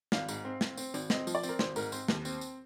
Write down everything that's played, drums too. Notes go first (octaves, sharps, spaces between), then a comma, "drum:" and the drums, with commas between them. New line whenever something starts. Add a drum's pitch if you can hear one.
G#1 F5, drum: snare
G#2, drum: tambourine
C4
C4, drum: snare
C4, drum: tambourine
G#1, drum: tambourine
C4 D#5, drum: snare
F3, drum: tambourine
D5
C4, drum: tambourine
A#4
G#1 C5, drum: snare
G#2 A#4, drum: tambourine
C4 C5, drum: tambourine
D#2, drum: snare
C4, drum: tambourine
drum: tambourine